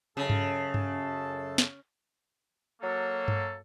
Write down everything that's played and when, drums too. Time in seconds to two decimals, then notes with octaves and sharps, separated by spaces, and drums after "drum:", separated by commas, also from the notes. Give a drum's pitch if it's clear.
0.17 F#2 C#3 A4 A5
0.30 drum: tom G2
0.74 drum: tom G2
1.58 drum: snare
2.82 F#3 A#3 A4
3.28 drum: tom G2